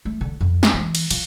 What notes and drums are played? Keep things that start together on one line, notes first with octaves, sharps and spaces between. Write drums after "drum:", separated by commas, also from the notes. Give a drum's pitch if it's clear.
A3
D3
F2
drum: snare
E3
drum: cymbal
F3, drum: cymbal